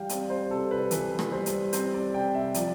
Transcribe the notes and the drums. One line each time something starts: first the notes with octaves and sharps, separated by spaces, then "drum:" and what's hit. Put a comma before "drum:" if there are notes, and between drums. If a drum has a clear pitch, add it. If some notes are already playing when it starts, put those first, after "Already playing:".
Already playing: E3 G3 F5 G5
C4 D5, drum: hi-hat
C5
C3 A4
B4
E3 B4, drum: hi-hat
drum: rim click
G3 C5
drum: hi-hat
C4 C5, drum: hi-hat
D5
C3 G5
E5
F3 D5, drum: hi-hat